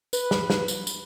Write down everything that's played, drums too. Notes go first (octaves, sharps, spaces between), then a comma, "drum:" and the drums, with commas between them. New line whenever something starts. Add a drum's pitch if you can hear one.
B4, drum: tambourine
drum: snare
drum: snare
drum: tambourine
drum: tambourine